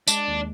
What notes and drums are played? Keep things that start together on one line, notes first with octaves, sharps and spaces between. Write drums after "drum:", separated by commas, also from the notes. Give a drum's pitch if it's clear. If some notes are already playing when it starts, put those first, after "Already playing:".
G#3 D4, drum: tambourine
D#2